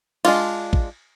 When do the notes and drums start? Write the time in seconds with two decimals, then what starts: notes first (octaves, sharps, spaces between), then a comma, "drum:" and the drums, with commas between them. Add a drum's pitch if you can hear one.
0.25 G#3 D4 F4, drum: cymbal
0.73 drum: kick A1